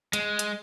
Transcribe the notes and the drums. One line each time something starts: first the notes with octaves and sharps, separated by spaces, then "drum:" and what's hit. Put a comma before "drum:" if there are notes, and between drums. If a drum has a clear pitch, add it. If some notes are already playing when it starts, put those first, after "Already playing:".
G#3, drum: hi-hat
drum: hi-hat